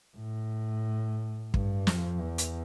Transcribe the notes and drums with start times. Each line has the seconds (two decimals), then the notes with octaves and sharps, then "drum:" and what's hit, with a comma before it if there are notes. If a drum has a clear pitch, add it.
0.17 A2
1.54 G2, drum: kick
1.87 F2, drum: snare
2.21 E2
2.38 drum: hi-hat